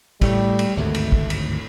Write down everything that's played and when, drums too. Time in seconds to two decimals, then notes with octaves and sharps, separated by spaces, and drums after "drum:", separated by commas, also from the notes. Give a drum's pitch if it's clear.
0.21 A2 G3 A3, drum: kick, cymbal
0.59 drum: cymbal
0.77 G#1 D2 G2 A3
0.95 drum: cymbal
1.12 drum: kick
1.30 drum: cymbal